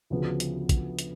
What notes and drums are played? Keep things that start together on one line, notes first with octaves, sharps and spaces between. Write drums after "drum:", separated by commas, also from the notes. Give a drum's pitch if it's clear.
D2 C#3 F3 B3 F#4
drum: hi-hat
drum: kick, hi-hat
drum: hi-hat